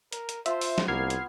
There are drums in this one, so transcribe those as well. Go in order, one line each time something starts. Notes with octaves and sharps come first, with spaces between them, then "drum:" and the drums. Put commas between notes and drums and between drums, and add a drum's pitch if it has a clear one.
A#4, drum: hi-hat
drum: hi-hat
F4 C5 E5 A5, drum: hi-hat
drum: open hi-hat
drum: snare
C2 A#3 B3 F6 G#6 C7
drum: hi-hat